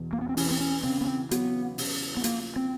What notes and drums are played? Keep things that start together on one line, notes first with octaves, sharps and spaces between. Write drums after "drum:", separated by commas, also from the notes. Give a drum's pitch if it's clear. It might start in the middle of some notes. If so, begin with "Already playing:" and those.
Already playing: E2 B2
A#3
B3
C4
E3 C#4, drum: open hi-hat
C4
C#4
C#3 C4
B3
C4
F#3 B3, drum: hi-hat
C#3, drum: open hi-hat
B3
F3 A#3, drum: hi-hat
C4